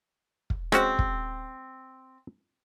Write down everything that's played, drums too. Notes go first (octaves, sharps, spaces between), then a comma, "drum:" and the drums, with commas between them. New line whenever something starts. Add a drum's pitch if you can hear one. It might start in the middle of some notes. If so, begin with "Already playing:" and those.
drum: kick
G#3 C4 C#4 F#4, drum: rim click
drum: kick